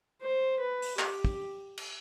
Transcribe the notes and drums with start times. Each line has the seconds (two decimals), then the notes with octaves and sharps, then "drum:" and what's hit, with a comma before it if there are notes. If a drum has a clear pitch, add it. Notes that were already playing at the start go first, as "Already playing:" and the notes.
0.22 C5
0.61 B4
0.82 drum: open hi-hat
0.99 G4, drum: clap
1.25 drum: kick
1.78 drum: cymbal